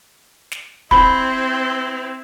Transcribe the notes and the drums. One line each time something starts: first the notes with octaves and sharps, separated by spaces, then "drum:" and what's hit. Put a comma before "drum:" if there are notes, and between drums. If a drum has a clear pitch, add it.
drum: snare
C4 E4 B5, drum: kick